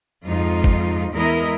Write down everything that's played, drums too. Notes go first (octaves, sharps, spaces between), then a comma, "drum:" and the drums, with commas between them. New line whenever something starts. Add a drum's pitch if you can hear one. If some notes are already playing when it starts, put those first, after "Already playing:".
F2 G#2 D#4 F4
drum: kick
E2 G#3 E4 A#4 D#5